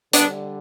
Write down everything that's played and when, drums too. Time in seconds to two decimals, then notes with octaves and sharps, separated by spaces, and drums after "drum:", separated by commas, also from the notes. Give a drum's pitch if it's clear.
0.13 D3 G3 B3 D4, drum: hi-hat